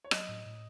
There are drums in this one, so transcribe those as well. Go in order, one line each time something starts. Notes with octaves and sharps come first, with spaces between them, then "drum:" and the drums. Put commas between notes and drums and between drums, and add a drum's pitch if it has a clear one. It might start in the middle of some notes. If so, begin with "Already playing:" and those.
C#5
F#3 D#5, drum: rim click
A2
A2